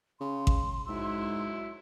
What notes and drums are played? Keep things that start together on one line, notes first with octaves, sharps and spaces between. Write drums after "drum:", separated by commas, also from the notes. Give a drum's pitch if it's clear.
C#3 C6
drum: kick A1
G#2 F#3 E4 E6